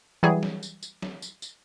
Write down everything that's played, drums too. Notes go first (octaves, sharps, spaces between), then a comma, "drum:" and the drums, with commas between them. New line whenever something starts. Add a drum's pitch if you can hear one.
E3 F#3 G3 G#4
drum: snare
drum: tambourine
drum: tambourine
drum: snare
drum: tambourine
drum: tambourine